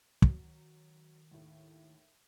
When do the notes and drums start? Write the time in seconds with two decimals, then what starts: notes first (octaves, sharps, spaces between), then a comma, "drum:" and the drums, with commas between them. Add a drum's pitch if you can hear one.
0.22 D#3 F#3, drum: kick
1.31 D#2 A2